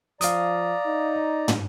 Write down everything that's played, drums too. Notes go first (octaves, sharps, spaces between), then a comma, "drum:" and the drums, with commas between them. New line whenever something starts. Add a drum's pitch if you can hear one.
F3 D5 F5 A#5 D#6, drum: hi-hat
D#4
drum: tom